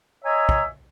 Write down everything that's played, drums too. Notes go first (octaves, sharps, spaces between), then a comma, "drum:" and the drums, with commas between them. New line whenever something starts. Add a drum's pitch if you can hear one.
C#5 D#5 E5 G#5 A#5
drum: kick